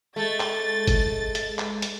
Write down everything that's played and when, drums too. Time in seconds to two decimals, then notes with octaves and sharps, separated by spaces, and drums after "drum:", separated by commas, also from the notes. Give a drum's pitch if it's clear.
0.16 G#3 A3 A6
0.40 drum: clap
0.87 drum: kick G1, hi-hat
1.35 drum: hi-hat
1.59 drum: clap
1.82 drum: hi-hat